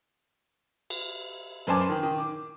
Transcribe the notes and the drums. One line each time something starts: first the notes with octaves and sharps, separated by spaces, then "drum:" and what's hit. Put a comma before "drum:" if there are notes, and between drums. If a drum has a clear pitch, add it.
drum: cymbal
F#2 B4 C5 G#5 A5 D6
D#3
D#3
D6